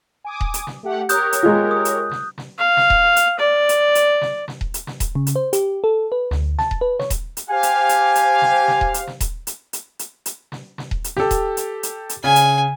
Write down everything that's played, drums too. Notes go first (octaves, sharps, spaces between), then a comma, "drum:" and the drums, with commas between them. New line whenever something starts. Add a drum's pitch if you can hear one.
G#5 D6 D#6
drum: kick D#1
drum: hi-hat
drum: snare
A3 G4 F#5
G4 A#4 C#5 D#6 F#6 G6, drum: hi-hat
drum: hi-hat
G#3 F4
D#6
drum: hi-hat
drum: snare
drum: snare
F5
drum: snare
drum: kick D#1
drum: hi-hat
D5
drum: hi-hat
drum: hi-hat
drum: snare
drum: snare
drum: kick D#1
drum: hi-hat
drum: snare
drum: kick D#1, hi-hat
C#3
drum: hi-hat
C5
G4, drum: hi-hat
A4
B4
D2, drum: snare
A5, drum: snare
drum: kick D#1
B4
C#5, drum: snare
drum: kick D#1, hi-hat
drum: hi-hat
G4 C5 F5 G#5
drum: hi-hat
drum: hi-hat
drum: hi-hat
drum: snare
drum: snare
drum: kick D#1
drum: hi-hat
drum: snare
drum: kick D#1, hi-hat
drum: hi-hat
drum: hi-hat
drum: hi-hat
drum: hi-hat
drum: snare
drum: snare
drum: kick D#1
drum: hi-hat
G4 A4, drum: snare
drum: kick D#1, hi-hat
drum: hi-hat
drum: hi-hat
drum: hi-hat
C#3 G#5
drum: hi-hat